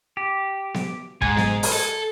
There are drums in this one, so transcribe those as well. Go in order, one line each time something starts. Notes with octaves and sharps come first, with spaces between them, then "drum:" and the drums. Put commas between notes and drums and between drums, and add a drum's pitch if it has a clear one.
G4
drum: snare B3
G#2 G#5, drum: kick
drum: snare B3
drum: open hi-hat
A4